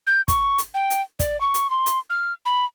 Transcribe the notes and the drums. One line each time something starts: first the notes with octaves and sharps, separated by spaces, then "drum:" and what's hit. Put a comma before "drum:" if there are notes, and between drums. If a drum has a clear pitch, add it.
G6
C#6, drum: kick, hi-hat
drum: hi-hat
G5
drum: hi-hat
D5, drum: kick, hi-hat
C#6
drum: hi-hat
C6
drum: hi-hat
F6
B5